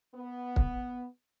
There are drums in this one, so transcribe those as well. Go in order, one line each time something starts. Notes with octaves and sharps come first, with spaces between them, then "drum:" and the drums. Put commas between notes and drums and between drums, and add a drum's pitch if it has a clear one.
B3
drum: kick